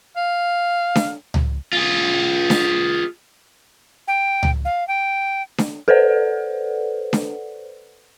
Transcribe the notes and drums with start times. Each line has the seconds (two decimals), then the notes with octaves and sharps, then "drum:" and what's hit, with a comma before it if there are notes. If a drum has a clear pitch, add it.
0.17 F5
0.95 drum: snare D4
1.34 drum: tom C#2
1.73 F4 G#4
2.50 drum: snare D4
4.08 G5
4.43 drum: tom C#2
4.65 F5
4.88 G5
5.58 drum: snare D4
5.88 A4 B4 C5 D5 F#5
7.13 drum: snare D4